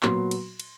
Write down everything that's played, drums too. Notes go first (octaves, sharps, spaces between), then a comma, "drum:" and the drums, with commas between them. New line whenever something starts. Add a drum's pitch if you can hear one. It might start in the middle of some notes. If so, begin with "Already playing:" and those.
A#2 F#3 B3 C6, drum: clap
drum: cymbal
drum: cymbal